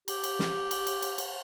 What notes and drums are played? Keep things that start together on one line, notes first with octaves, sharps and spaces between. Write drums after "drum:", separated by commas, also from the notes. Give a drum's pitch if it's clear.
G4, drum: cymbal
drum: cymbal
drum: snare
drum: cymbal
drum: cymbal
drum: cymbal
drum: cymbal